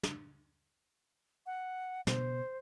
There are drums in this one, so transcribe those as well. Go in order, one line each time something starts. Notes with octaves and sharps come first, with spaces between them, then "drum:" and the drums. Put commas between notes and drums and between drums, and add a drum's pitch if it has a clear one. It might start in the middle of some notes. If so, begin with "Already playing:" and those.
drum: snare
F#5
B2 C5, drum: snare